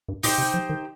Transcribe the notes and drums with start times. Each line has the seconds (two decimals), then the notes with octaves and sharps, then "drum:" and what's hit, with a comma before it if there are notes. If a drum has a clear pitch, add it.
0.08 G2
0.23 A#2 D#4 G4 C5, drum: open hi-hat
0.38 C3
0.54 F3
0.69 D#3